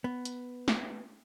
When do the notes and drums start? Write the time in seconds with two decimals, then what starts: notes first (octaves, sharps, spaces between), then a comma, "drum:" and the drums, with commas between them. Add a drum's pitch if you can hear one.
0.04 B3
0.25 drum: hi-hat
0.68 drum: snare